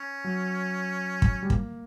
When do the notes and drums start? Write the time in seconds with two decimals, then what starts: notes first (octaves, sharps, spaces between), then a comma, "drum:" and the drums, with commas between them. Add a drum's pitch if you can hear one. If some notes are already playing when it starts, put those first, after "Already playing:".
Already playing: C#4
0.24 F#3
1.22 drum: kick
1.43 G3
1.50 A#3, drum: kick